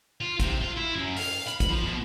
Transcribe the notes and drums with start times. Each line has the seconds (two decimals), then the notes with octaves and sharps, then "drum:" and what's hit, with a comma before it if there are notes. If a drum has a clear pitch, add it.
0.21 F4
0.40 C3, drum: kick, hi-hat
0.61 F4
0.76 E4
0.95 F#2
1.17 F5, drum: open hi-hat
1.48 B5, drum: hi-hat
1.60 drum: kick, hi-hat
1.70 F3
1.84 B2